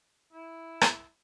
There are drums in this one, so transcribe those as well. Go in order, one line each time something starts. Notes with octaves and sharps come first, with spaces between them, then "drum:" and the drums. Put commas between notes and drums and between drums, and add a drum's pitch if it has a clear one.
E4
drum: rim click